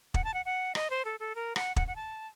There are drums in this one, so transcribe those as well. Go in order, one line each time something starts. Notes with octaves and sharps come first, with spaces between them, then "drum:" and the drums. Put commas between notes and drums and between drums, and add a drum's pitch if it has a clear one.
F#5, drum: kick
A5
F#5
F#5
D#5, drum: rim click
C5
A4
A4
A#4
F#5, drum: rim click
F#5, drum: kick
F#5
A5